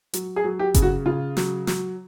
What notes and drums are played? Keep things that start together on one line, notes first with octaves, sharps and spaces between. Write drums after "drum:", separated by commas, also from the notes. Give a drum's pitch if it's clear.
F#3, drum: hi-hat
G#4
F#3
G4
C#3, drum: kick G1, hi-hat
F#4
C#3 F4
F#3, drum: snare
F#3, drum: snare